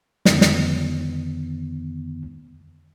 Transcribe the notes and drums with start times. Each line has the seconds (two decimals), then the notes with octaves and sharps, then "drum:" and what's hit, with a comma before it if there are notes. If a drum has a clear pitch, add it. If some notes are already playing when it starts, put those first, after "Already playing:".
0.25 F2 D3 D#3 B3, drum: snare
0.41 drum: snare